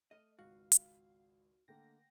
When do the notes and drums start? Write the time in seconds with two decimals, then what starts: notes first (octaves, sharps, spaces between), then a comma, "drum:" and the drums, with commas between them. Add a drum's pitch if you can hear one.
0.11 A3 D#5 F6 D#7
0.39 G#1 C#2 F#4 F5
0.72 drum: hi-hat
1.68 D3 A3 A#3 G5 A#6